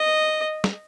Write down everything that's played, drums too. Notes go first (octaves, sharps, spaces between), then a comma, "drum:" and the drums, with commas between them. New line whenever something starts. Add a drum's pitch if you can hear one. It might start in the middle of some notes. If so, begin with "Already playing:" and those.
Already playing: D#5
drum: snare